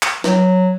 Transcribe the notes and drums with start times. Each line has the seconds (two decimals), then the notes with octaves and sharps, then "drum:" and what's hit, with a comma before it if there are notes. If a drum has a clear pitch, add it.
0.02 drum: clap
0.24 F#3, drum: snare